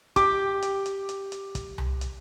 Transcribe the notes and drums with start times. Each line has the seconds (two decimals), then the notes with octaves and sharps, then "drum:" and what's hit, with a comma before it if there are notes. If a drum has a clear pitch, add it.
0.16 G4 D6, drum: kick, hi-hat
0.62 drum: hi-hat
0.86 drum: hi-hat
1.09 drum: hi-hat
1.32 drum: hi-hat
1.55 drum: kick, hi-hat
1.78 drum: tom C2
2.01 drum: hi-hat